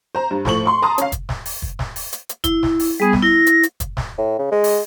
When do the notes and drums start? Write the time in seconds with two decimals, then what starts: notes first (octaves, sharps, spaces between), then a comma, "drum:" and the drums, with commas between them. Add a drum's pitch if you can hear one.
0.15 C5 A#5
0.31 G2
0.45 A2 F3 C#6 F#7, drum: snare
0.65 C6 C#6
0.82 A5 A#5 C6 D#6
0.98 C#4 F5, drum: hi-hat
1.12 drum: kick, hi-hat
1.29 drum: snare
1.46 drum: open hi-hat
1.62 drum: kick
1.79 drum: snare
1.96 drum: open hi-hat
2.13 drum: hi-hat
2.29 drum: hi-hat
2.44 E4, drum: kick, hi-hat
2.63 drum: snare
2.80 drum: open hi-hat
3.00 G3 B3 G#4
3.13 drum: snare
3.23 E4 A#6
3.47 drum: hi-hat
3.63 drum: hi-hat
3.80 drum: kick, hi-hat
3.97 drum: snare
4.18 A2
4.38 C#3
4.51 G#3
4.64 drum: open hi-hat